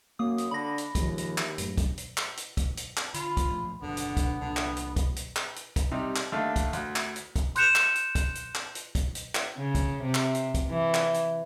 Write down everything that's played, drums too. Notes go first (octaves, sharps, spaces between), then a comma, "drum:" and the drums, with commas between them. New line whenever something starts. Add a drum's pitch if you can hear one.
F#2 A#3 D#6
drum: hi-hat
D3 B5 A#6
drum: hi-hat
D#2 D#3 F3 G#3, drum: kick, hi-hat
drum: hi-hat
drum: clap
F#2 A2, drum: hi-hat
drum: kick, hi-hat
drum: hi-hat
drum: clap
drum: hi-hat
drum: kick, hi-hat
drum: hi-hat
drum: clap
D3 F4 B5, drum: hi-hat
drum: kick, hi-hat
A#2 F3 A3
F#1 D#2 B2 D3 B3
drum: hi-hat
drum: kick, hi-hat
C2 A#2 D3
drum: clap
drum: hi-hat
drum: kick, hi-hat
drum: hi-hat
drum: clap
drum: hi-hat
drum: kick, hi-hat
C3 G3 D#4
drum: clap
D#2 D3 A3 F5
drum: kick, hi-hat
D2, drum: hi-hat
drum: clap
drum: hi-hat
drum: kick, hi-hat
C6 F#6 G6 C#7 E7 F7, drum: hi-hat
drum: clap
drum: hi-hat
drum: kick, hi-hat
drum: hi-hat
drum: clap
drum: hi-hat
drum: kick, hi-hat
drum: hi-hat
drum: clap
C#3
drum: kick, hi-hat
C3
drum: clap
drum: hi-hat
drum: kick, hi-hat
E3
drum: clap
drum: hi-hat